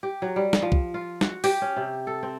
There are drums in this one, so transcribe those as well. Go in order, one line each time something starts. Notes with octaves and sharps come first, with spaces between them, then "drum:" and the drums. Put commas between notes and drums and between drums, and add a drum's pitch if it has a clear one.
G4
F#3
G3
drum: snare
F3
drum: kick
F4
F#4, drum: snare
G4, drum: open hi-hat
C#4
C3
A4
C4